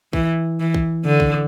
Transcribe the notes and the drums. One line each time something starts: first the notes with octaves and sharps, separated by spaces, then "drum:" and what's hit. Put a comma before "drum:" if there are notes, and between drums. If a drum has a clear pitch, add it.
E3, drum: kick
E3
drum: kick
D3
drum: kick